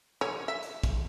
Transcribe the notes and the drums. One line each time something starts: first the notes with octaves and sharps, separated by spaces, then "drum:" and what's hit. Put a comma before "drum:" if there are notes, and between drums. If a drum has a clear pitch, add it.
C#5, drum: rim click
E5
drum: hi-hat
drum: kick, hi-hat